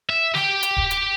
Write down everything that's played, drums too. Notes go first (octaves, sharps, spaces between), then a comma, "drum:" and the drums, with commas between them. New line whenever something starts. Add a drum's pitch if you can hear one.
E5
G4 G5, drum: snare
drum: hi-hat
drum: kick D1
drum: hi-hat